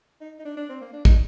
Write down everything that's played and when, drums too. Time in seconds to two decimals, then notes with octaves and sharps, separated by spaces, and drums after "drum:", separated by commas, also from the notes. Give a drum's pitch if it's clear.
0.21 D#4
0.39 D#4
0.45 D4
0.57 D4
0.69 C4
0.81 A#3
0.93 D4
1.05 D#4, drum: kick